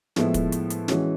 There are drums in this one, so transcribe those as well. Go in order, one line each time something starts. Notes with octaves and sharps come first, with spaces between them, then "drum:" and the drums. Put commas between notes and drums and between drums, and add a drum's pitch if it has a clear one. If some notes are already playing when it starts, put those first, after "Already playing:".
A2 F3 G#3 B3 E4, drum: snare
drum: kick, hi-hat
drum: hi-hat
drum: hi-hat
E3 G#3 C#4 F#4, drum: snare